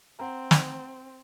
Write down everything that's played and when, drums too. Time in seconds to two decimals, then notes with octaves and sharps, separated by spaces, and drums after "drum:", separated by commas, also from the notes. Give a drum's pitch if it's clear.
0.19 C4 F#5 A#5
0.51 drum: snare